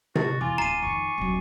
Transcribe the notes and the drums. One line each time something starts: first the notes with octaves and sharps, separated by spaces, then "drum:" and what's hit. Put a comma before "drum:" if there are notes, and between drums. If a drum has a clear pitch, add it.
F#4 A6, drum: tom C3
E2 F4 G#5 D6
D1 A#5 C7 D#7
F2 D#3 C#6
D#1 F#3